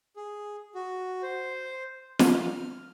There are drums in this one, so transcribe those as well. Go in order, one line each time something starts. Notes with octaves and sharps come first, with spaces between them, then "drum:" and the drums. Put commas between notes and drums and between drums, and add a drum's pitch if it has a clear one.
G#4
F#4
C5
F6, drum: snare